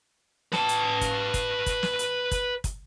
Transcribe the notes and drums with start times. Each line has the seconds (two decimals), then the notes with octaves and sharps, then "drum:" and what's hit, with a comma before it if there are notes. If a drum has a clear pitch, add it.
0.52 B4 A5, drum: snare
0.69 drum: hi-hat
1.01 drum: kick, hi-hat
1.34 drum: kick, hi-hat
1.66 drum: kick, hi-hat
1.83 drum: snare
1.99 drum: hi-hat
2.31 drum: kick, hi-hat
2.64 drum: kick, hi-hat